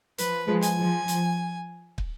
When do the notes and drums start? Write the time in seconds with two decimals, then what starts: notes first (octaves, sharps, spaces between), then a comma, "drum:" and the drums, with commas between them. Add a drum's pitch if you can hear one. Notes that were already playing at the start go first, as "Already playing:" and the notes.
0.18 F3 B4, drum: hi-hat
0.48 F3 G#3
0.62 G#5, drum: hi-hat
0.78 F3
1.08 drum: hi-hat
1.98 drum: kick